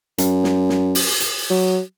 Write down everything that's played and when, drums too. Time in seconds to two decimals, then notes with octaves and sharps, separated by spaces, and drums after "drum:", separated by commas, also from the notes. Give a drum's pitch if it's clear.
0.18 F#2, drum: hi-hat
0.44 drum: snare
0.69 drum: snare
0.95 drum: open hi-hat
1.20 drum: hi-hat
1.50 F#3